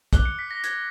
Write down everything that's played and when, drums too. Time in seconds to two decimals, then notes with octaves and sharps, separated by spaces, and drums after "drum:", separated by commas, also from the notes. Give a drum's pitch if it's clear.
0.13 D6 F#6 G7, drum: kick, hi-hat
0.25 C#7
0.39 B6
0.51 A#6
0.64 G#6, drum: hi-hat